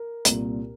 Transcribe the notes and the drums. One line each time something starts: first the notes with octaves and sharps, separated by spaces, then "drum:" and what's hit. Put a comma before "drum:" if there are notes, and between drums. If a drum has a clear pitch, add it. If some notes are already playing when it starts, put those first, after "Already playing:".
Already playing: A#4
C2 A#2 A#3, drum: hi-hat